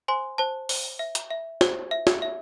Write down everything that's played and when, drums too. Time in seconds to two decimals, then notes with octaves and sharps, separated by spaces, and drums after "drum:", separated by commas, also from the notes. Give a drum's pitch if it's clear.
0.08 C5 G#5 C6
0.38 C5 A5
0.69 C5, drum: open hi-hat
0.99 E5
1.15 drum: hi-hat
1.31 E5
1.61 C5, drum: snare
1.91 E5
2.07 drum: snare
2.22 E5